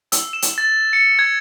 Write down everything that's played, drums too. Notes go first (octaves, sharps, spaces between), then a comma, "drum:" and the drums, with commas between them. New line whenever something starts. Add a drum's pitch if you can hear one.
E6, drum: hi-hat
E7
drum: hi-hat
A6
C#7
G#6